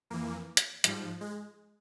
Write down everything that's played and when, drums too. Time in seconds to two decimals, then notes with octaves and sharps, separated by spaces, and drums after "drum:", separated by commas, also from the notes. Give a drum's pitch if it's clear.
0.10 F2 E3 A#3
0.57 drum: hi-hat
0.84 G#2 F3 G3, drum: hi-hat
1.21 G#3